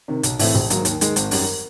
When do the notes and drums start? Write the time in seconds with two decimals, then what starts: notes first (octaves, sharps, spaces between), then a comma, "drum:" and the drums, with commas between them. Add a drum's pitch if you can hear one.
0.08 C3 D#3
0.23 B1, drum: hi-hat
0.39 A2 E3 A3 C4, drum: open hi-hat
0.55 A#1
0.70 G#2 D#3 F#3 A#3, drum: hi-hat
0.85 D#2, drum: hi-hat
1.01 D#3 G#3, drum: hi-hat
1.16 G#1, drum: hi-hat
1.31 F#2 D#3 G3, drum: open hi-hat